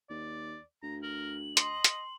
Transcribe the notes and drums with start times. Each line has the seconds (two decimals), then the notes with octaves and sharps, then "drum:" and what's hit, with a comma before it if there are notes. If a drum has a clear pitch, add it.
0.10 D#2 D5
0.83 D2 A#5
1.03 A#4 F#7
1.57 D#5 C6, drum: hi-hat
1.84 drum: hi-hat